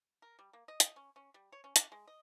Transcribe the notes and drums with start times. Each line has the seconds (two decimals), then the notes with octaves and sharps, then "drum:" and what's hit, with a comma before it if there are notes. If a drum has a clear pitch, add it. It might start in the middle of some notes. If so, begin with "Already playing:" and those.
0.22 A#4
0.39 G3
0.53 A#3
0.68 D#5
0.80 drum: hi-hat
0.96 C#4
1.16 C#4
1.34 G3
1.52 C#5
1.64 C#4
1.76 D4, drum: hi-hat
1.92 G#3
2.07 D#5